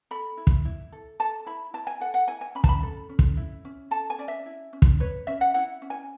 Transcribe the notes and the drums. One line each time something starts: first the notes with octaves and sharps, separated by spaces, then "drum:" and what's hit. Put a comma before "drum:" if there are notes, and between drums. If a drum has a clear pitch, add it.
A4 B5
E4
drum: kick
E4
A4
A4 A5
E4 B5
E4 A5
G#5
A4 F#5
F#5
E4 G#5
G#5
C#4 B5
A5, drum: kick
B5
A4
C#4
drum: kick
E4
C#4
A4 A5
G#5
C#4 D5
E5
E4
C#4
drum: kick
B4 C#5
C#4 E5
F#5
E4 F#5
C#4
G#5